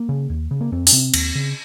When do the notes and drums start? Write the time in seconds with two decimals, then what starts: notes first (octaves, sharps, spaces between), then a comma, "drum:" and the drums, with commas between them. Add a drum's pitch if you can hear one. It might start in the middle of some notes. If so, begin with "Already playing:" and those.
Already playing: A#3
0.09 C#3
0.30 D#2
0.51 C#3
0.61 A#3
0.72 F2 C4
0.87 C#4, drum: open hi-hat
0.92 C3 C4
1.14 D#2, drum: cymbal
1.35 C#3